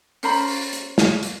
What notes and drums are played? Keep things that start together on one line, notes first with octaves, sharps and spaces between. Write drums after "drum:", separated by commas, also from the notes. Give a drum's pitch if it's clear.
C#4 C5 A#5 B5, drum: open hi-hat
drum: open hi-hat
drum: hi-hat
drum: snare
drum: hi-hat